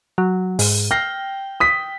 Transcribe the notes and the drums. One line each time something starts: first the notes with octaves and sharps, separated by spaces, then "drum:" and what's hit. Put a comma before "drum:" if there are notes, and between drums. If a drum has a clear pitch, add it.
F#3
G#2, drum: open hi-hat
G5 F6 A#6 C7
D#6 B6